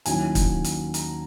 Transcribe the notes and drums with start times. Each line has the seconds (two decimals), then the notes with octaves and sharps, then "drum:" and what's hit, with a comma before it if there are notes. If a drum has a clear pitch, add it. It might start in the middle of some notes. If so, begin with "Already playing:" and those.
0.06 D#2 D#3 F#3 C#4 E4 G#5, drum: hi-hat
0.35 drum: kick, hi-hat
0.64 drum: hi-hat
0.94 A#5, drum: hi-hat